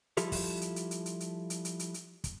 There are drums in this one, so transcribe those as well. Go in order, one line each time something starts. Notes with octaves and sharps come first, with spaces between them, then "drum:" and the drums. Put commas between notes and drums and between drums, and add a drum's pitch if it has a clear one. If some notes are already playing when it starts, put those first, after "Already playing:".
F3 G3 E4 F4 G4 A4, drum: hi-hat
drum: kick, open hi-hat
drum: hi-hat
drum: hi-hat
drum: hi-hat
drum: hi-hat
drum: hi-hat
drum: hi-hat
drum: hi-hat
drum: hi-hat
drum: hi-hat
drum: kick, hi-hat